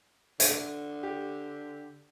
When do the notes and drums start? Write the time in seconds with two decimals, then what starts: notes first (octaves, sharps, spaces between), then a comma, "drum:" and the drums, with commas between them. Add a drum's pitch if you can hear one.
0.40 D3, drum: hi-hat
1.03 G4